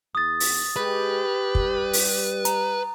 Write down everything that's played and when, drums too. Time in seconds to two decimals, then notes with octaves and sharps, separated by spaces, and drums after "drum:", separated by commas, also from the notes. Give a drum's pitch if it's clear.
0.15 E2 D#6 A6
0.40 drum: open hi-hat
0.76 G#3 G4 B4
1.55 G3, drum: kick
1.93 drum: open hi-hat
2.45 A#5, drum: hi-hat